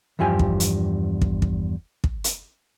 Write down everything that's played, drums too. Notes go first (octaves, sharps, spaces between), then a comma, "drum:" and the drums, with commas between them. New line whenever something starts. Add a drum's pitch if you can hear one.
E2 G2 F3 G4 G#5
drum: kick
drum: hi-hat
drum: kick
drum: kick
drum: kick
drum: hi-hat